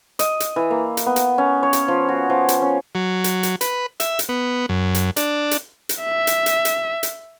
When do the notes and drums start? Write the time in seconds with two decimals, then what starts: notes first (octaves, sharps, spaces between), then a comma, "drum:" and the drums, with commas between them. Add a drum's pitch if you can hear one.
0.19 D#5, drum: hi-hat
0.40 drum: hi-hat
0.56 E3
0.71 A#3
0.97 drum: hi-hat
1.06 B3
1.16 drum: hi-hat
1.38 C#4
1.63 C#5
1.73 drum: hi-hat
1.88 F3
2.09 F#4
2.30 F3
2.49 drum: hi-hat
2.62 C#4
2.95 F#3
3.24 drum: hi-hat
3.43 drum: hi-hat
3.61 B4, drum: hi-hat
4.00 E5, drum: hi-hat
4.19 drum: hi-hat
4.29 B3
4.69 F#2
4.95 drum: hi-hat
5.16 D4, drum: hi-hat
5.51 drum: hi-hat
5.89 drum: hi-hat
6.02 E5
6.27 drum: hi-hat
6.46 drum: hi-hat
6.65 drum: hi-hat
7.03 drum: hi-hat